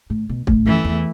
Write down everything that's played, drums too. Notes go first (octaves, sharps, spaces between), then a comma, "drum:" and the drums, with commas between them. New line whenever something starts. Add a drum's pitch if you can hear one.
A2
B2
A2, drum: kick
F#2 E3 A3
E2